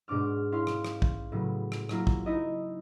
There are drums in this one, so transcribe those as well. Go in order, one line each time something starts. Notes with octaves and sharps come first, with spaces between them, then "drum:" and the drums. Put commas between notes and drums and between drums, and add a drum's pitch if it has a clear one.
G#2 B2 D4 D6 F6
C#4 E4 F5 C6
drum: rim click
drum: rim click
drum: kick
A2 C#3 F#3 B3
drum: rim click
F#3 A#3 E4 F4 A#4, drum: rim click
drum: kick
D#4 E4 B4 D#5